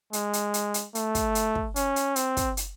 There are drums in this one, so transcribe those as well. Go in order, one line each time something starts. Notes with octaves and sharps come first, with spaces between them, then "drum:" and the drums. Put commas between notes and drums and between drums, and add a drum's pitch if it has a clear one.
G#3, drum: hi-hat
drum: hi-hat
drum: hi-hat
drum: hi-hat
A3, drum: hi-hat
drum: kick, hi-hat
drum: hi-hat
drum: kick
C#4, drum: hi-hat
drum: hi-hat
C4, drum: hi-hat
drum: kick, hi-hat
drum: hi-hat